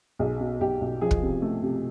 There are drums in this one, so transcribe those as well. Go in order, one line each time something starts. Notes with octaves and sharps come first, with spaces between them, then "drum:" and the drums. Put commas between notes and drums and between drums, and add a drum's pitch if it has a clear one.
B1 G#4
B2
B1 G4
B1
F3 G#4
drum: kick
C3
A3
C3